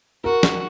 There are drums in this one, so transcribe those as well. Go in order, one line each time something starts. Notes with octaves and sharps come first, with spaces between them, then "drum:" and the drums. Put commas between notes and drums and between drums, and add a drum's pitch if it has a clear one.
F#4 A#4
A#4, drum: snare